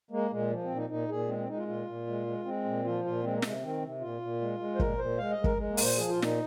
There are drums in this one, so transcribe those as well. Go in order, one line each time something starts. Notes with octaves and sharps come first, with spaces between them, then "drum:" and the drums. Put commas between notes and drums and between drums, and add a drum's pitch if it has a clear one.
G#3 A#3
A#2 G#3
F3
C4
A#2
D#4
A#2 D#4
A#2 G#4
G#3 C4
C4
G#3 D#4
F4
A#2 F4
A#2
G#3
G#3
G#3 C4
A#2
F3 F4
A#2 F4
G#3 C4
A#3
C3 G#3, drum: snare
D#3 C4
C3
A#2 F4
A#2
G#3
G#3
C5
A#2 A#4, drum: kick
A#2 C5
G#3 F5
D#5
G#3
A#4, drum: kick
G#3
A#3
A#2, drum: open hi-hat
C5
F3 G#4
F4
A#2
D#4, drum: snare